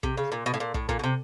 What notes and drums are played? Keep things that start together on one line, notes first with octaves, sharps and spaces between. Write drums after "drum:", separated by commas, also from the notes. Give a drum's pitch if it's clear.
C3, drum: kick
C#3
A#2
B2
A2
A#2
A2, drum: kick
A#2, drum: kick
B2
C3